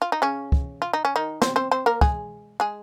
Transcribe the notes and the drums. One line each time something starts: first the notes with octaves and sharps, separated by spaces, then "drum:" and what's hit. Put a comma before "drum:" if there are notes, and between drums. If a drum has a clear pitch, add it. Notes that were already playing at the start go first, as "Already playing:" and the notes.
F4
D#4
C#3 C#4
drum: kick
F4
D#4
C#4
D#3 D#4
C4 C5, drum: snare
C4 C5
C4 C5
A#3 A#4
G#3 G#4, drum: kick
G#3 G#4